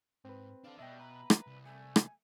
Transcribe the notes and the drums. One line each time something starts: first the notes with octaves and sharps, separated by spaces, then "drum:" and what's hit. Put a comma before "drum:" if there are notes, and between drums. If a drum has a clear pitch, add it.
G#2 C4 B4
D4 A4 F5
B2 G3 D4 D#5 E5 G5
B4 A#5
drum: rim click
C2
A3 G#5
drum: rim click